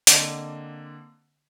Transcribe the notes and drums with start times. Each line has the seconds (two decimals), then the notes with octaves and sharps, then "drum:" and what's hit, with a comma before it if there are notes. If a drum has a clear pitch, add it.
0.07 D3 A#3 C4 D5 D#5, drum: hi-hat